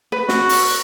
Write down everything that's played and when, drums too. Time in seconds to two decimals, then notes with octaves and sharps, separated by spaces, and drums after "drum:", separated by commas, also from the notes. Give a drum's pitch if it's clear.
0.12 B4
0.29 F#4, drum: snare
0.49 drum: open hi-hat